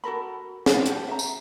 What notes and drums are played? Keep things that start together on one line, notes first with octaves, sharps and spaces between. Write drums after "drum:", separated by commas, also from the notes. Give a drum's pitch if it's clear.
F#4 A4 A#4 B5
drum: snare
F#4 G4 A4 C#5, drum: hi-hat
E5 A#5
drum: tambourine